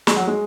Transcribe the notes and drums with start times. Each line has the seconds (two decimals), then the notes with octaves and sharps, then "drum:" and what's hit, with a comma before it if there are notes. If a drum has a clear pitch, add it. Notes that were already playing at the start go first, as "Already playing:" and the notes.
0.07 G#3, drum: snare
0.16 F#3
0.27 G#3